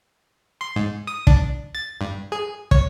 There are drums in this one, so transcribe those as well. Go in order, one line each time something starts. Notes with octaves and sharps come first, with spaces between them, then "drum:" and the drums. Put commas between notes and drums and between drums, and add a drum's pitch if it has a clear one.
C6
G#2
D#6
D4, drum: kick
A6
G2
G#4
C#5, drum: kick